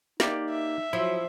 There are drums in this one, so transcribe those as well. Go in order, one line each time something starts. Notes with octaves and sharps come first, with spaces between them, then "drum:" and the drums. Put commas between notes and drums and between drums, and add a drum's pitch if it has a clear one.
A#3 D#4 G4 D5, drum: snare
E5
F3 F#3 E4